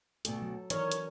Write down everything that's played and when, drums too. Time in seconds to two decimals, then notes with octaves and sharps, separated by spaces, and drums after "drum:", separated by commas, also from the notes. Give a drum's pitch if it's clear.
0.25 D2 B2 A4, drum: hi-hat
0.42 F#3
0.70 D#3 E3 C#4 A#4 C#5, drum: hi-hat
0.92 drum: hi-hat